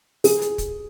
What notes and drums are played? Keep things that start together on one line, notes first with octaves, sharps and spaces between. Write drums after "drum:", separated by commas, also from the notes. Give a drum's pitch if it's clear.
G#4, drum: open hi-hat
drum: hi-hat
drum: kick, hi-hat